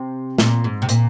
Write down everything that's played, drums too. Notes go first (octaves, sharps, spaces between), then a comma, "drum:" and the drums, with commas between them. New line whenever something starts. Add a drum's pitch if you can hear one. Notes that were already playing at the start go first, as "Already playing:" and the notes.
Already playing: C3
A#2, drum: snare
G#2
C3
A#2, drum: hi-hat